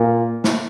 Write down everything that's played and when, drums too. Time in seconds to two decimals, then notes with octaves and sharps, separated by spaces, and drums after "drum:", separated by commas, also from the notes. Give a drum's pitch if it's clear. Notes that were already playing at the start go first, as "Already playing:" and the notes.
Already playing: A#2
0.44 drum: snare